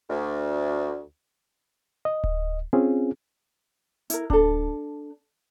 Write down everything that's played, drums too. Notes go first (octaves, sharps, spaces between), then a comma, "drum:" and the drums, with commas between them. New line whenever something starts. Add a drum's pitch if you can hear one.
D2
D#5
drum: kick D1
C4 C#4 F4 G#4
E4 A#4, drum: hi-hat
D4 A4, drum: kick D1